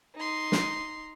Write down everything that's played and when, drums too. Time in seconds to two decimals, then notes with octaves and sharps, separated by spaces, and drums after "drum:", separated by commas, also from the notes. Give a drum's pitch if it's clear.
0.16 D#4 C6
0.52 drum: snare